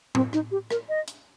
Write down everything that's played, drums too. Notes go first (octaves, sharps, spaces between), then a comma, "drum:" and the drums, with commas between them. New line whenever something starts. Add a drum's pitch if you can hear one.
C4, drum: tom A2
D#4, drum: rim click
G4
A#4, drum: rim click
D#5
drum: hi-hat